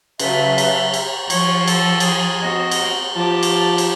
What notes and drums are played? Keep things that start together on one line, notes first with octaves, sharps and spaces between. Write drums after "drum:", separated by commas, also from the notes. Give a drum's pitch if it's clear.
C#3 F#3 B4 E5 F5 A5, drum: cymbal
drum: cymbal
drum: cymbal
F3 C#5, drum: cymbal
A4, drum: cymbal
G#4, drum: cymbal
C4 F#4 D#5
drum: cymbal
F3 G4 A5
drum: cymbal
drum: cymbal